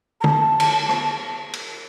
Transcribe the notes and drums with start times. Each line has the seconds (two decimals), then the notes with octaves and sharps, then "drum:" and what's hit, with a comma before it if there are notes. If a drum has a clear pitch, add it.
0.20 A#5
0.24 A5, drum: tom
0.60 drum: cymbal
0.89 drum: rim click
1.53 drum: cymbal